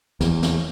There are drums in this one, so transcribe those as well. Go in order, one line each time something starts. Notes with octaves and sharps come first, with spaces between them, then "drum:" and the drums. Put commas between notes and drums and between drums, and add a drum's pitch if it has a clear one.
E2, drum: snare
drum: snare